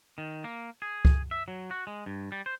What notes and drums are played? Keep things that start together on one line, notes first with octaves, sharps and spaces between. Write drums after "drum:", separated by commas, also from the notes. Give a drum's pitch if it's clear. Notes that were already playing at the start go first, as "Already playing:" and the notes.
D#3
A#3
G#4
drum: kick C#2
E5
F#3
F#4
G#3
G2
G3
C5